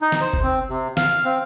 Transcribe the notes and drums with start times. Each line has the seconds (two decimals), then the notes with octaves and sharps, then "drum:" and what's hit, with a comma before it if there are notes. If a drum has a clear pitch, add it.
0.02 D#4
0.12 drum: snare
0.21 C5
0.33 drum: kick G1
0.43 C4
0.70 C3
0.97 F5, drum: snare
1.25 C4